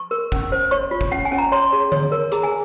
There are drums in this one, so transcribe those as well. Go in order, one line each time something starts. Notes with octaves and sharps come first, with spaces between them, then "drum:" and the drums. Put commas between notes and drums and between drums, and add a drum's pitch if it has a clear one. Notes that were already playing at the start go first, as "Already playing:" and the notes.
Already playing: C#6
A#4
C#4, drum: kick
C5
C#5 C#6
F4
drum: kick
C#4 F#5
G#5
C#4
A#5
C#5 C6
G#4
C#5, drum: tom D3
A#4
G#4 A#5, drum: hi-hat
G#5